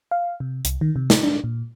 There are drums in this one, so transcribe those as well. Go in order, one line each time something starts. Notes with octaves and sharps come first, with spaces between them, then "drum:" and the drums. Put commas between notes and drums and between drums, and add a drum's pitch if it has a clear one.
F5
C3
C2, drum: hi-hat
D#3
C3
drum: snare
D4
A#2